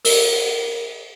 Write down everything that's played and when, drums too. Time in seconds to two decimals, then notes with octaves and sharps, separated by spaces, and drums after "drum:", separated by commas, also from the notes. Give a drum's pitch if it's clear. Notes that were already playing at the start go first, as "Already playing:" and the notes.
0.05 A#4, drum: open hi-hat